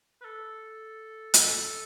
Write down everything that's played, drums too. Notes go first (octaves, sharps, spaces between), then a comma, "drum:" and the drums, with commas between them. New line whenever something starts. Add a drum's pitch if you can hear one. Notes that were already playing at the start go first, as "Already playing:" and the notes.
B4
A4
drum: hi-hat